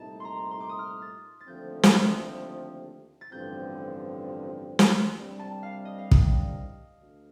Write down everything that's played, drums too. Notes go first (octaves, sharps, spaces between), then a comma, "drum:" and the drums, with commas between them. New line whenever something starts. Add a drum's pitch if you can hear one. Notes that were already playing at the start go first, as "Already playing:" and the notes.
Already playing: C2 A#2 A3 D#4 A5
A#5 C6
C6
D6
D#6
F6
A6
A6
D#2 D3 F3 A3 C4 G6
drum: snare
A6
A1 G2 D3 F3 C4 G6
drum: snare
C2 C3 G3 D4 G4
A5
F5
D#5
F5
D#5, drum: kick
D2